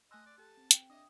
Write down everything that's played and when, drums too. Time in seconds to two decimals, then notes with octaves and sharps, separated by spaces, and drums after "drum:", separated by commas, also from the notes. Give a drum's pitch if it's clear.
0.11 A3 D#5 G#5 C6 E6 F#6
0.26 D5
0.38 G4 A4 A5
0.57 C4
0.71 G5, drum: hi-hat
0.90 D4 D#5 E5 D#6